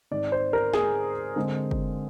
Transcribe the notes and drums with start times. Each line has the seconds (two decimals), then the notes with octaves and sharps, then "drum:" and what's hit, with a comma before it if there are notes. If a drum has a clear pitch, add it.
0.11 G#2 D#3 G#3 C4 D5
0.32 C5
0.53 A#4
0.74 G#4, drum: snare
1.36 D3 G#3 C4
1.71 drum: kick